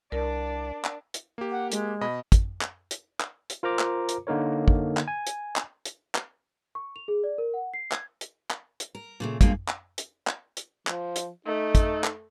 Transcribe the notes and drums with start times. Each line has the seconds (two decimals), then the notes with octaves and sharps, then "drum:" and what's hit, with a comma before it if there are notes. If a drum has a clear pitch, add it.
0.12 C2 D4 A#4 D5
0.85 drum: clap
1.14 drum: hi-hat
1.38 A#3 G4
1.51 F#5
1.72 G#3, drum: hi-hat
2.01 B2 D#5 B5
2.32 drum: kick, hi-hat
2.61 drum: clap
2.91 drum: hi-hat
3.20 drum: clap
3.50 drum: hi-hat
3.63 F4 A#4 C5 A#5 D6
3.79 drum: clap
4.09 drum: hi-hat
4.27 D3 A#3 D#4 A#4 C#5
4.68 drum: kick
4.97 drum: clap
5.08 G#5
5.27 drum: hi-hat
5.56 drum: clap
5.85 drum: hi-hat
6.15 drum: clap
6.75 C#6
6.96 F7
7.08 G#4
7.24 D5
7.38 A#4
7.54 F#5
7.74 C7
7.92 G#6, drum: clap
8.21 drum: hi-hat
8.51 drum: clap
8.80 drum: hi-hat
8.95 A#4
9.20 A#2 C#3 A3
9.41 G2 B2 G#3 A#3 F4, drum: kick, hi-hat
9.68 drum: clap
9.98 drum: hi-hat
10.27 drum: clap
10.57 drum: hi-hat
10.87 F3, drum: clap
11.16 drum: hi-hat
11.46 A3 D#4
11.75 drum: kick, hi-hat
12.04 drum: clap